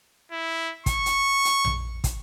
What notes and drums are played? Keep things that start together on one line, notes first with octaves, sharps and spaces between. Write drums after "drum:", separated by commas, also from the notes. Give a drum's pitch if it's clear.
E4
C#6, drum: kick, hi-hat
drum: hi-hat
drum: hi-hat
drum: tom A#1
drum: kick, hi-hat